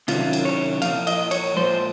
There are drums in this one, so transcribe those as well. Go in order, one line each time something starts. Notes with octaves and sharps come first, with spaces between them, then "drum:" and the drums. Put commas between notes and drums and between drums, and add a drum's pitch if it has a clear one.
C3 D#3 F#3 C#4 F4, drum: cymbal
drum: cymbal
C#5
A#2 F3 F5, drum: cymbal
D#5, drum: cymbal
C#5, drum: cymbal
A#2 F3 G#3 C5